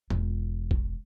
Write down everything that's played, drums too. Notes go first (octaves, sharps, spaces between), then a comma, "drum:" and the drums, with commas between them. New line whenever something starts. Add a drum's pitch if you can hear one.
E1 F4, drum: tom
drum: kick A1